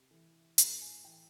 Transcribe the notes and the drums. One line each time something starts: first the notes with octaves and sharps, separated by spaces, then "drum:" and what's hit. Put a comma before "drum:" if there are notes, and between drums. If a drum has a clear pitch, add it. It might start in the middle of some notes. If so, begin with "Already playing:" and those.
Already playing: C3
E3
A2 A#5, drum: hi-hat
G#5
E3 G5